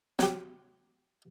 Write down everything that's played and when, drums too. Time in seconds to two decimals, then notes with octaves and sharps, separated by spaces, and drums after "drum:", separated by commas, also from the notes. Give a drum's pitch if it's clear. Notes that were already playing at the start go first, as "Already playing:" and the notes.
0.19 F#3 G4, drum: snare